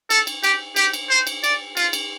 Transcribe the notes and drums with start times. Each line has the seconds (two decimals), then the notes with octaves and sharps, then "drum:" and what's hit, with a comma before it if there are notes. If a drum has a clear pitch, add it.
0.10 A4, drum: cymbal
0.27 drum: cymbal
0.44 G4, drum: cymbal
0.76 G4, drum: cymbal
0.93 drum: cymbal
1.10 C5
1.27 drum: cymbal
1.44 D5, drum: cymbal
1.77 F4, drum: cymbal
1.93 drum: cymbal